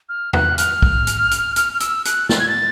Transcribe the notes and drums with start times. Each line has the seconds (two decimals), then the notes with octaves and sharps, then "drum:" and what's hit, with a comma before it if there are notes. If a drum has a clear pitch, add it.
0.09 F6
0.33 F#6, drum: tom E2
0.58 F6, drum: hi-hat
0.82 drum: kick
1.07 drum: hi-hat
1.31 drum: hi-hat
1.56 F6, drum: hi-hat
1.73 F6
1.80 E6, drum: hi-hat
2.05 F#6, drum: hi-hat
2.29 A6, drum: snare
2.39 G#6
2.49 A6